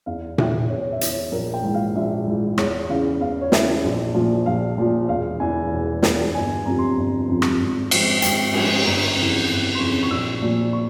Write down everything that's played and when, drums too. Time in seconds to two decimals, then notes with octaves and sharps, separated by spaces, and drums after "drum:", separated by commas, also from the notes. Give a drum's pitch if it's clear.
0.06 E2 F5
0.38 E3 E5, drum: tom A#2
0.69 E2 C#5
0.80 C#5
0.91 E5
1.01 E3, drum: hi-hat
1.11 C#5
1.32 A#1 A#4
1.54 G5
1.63 G#2 E3
1.74 F5
1.95 A#1 E5
2.27 G#2 E3
2.58 E2 C#5, drum: rim click
2.89 C#3 E3 F5
3.21 E2 F5
3.41 C#5
3.52 C#3 E3 E5, drum: snare
3.84 A#1
4.14 A#2 F3
4.46 A#1 F5
4.78 A#2 F3
5.08 E1 F5
5.40 E2 E3 G#5
5.71 E1
6.02 E2 E3, drum: snare
6.34 G1 G#5
6.65 F2 C3 F3 A#5
6.78 C6
6.92 A#5
6.97 G1
7.28 F2 C3 F3
7.42 drum: rim click
7.60 G#1
7.91 G#2 F3, drum: cymbal
8.22 G#1 G5, drum: hi-hat
8.54 G#2 F3 G#5, drum: cymbal
8.85 G1 A#5
9.17 F2 C#3 E3
9.48 G1
9.75 C6
9.79 F2 C#3 E3 C#6
10.03 C#6
10.11 A#1 E6
10.42 A#2 F3
10.73 C#6